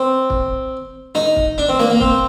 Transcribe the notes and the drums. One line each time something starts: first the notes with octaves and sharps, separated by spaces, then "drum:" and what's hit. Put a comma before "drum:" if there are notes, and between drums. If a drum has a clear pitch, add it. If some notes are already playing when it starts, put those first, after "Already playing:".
Already playing: C4
drum: kick
D#4, drum: snare
drum: kick
D4
C4
A#3, drum: snare
A#3
C4, drum: kick